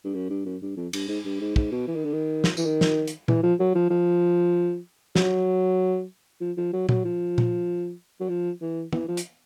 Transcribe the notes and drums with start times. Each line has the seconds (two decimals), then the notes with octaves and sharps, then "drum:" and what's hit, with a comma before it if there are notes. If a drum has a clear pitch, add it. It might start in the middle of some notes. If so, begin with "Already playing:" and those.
0.04 G2
0.15 F#2
0.30 G2
0.46 F#2
0.62 G2
0.77 F2
0.93 G2, drum: cymbal
1.08 G#2
1.25 G2
1.41 G#2
1.56 G#2, drum: kick
1.72 B2
1.88 E3
1.96 D#3
2.04 D3
2.13 D#3
2.44 drum: snare
2.57 E3, drum: tambourine
2.66 D#3
2.81 drum: snare
3.08 drum: hi-hat
3.28 E3, drum: tom
3.43 F3
3.60 F#3
3.75 F3
3.90 F3
5.16 F#3, drum: snare
6.41 F3
6.57 F3
6.73 F#3
6.89 F#3, drum: tom
7.05 F3
7.38 drum: tom
8.20 F#3
8.29 F3
8.61 E3
8.93 E3, drum: tom
9.08 F3
9.17 drum: hi-hat